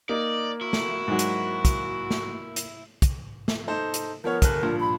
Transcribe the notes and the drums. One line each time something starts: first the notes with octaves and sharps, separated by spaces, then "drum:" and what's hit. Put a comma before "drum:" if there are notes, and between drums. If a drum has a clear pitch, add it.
A#3 D#4 D5
E4 F#4
drum: snare
G#2 F#3
drum: hi-hat
drum: kick, hi-hat
drum: snare
drum: hi-hat
drum: kick, hi-hat
drum: snare
D#4 A4 C5
drum: hi-hat
F3 B3 A#4 C#5
G1 A4 F#6, drum: kick, hi-hat
G2 A#2 F3
B5